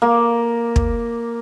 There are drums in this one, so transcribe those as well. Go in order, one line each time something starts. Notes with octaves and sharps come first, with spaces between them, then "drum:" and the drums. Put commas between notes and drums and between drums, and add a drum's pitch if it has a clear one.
A#3
drum: kick